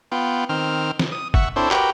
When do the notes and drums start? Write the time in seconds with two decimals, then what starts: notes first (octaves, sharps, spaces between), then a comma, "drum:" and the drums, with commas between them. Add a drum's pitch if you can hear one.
0.12 B3 F4 G5
0.49 D#3 C4 F6
1.00 drum: snare
1.12 D#6
1.34 E5 F#5 C#6, drum: kick
1.56 C4 D4 E4 A4 C5 C#5
1.71 F#4 G4 A#4 B4 G5, drum: clap